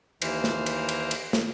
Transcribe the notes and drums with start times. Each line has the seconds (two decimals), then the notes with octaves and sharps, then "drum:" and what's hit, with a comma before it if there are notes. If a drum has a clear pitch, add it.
0.22 D#2 E3 C5 F6, drum: cymbal
0.44 drum: snare
0.66 drum: cymbal
0.89 drum: cymbal
1.11 drum: cymbal
1.33 drum: snare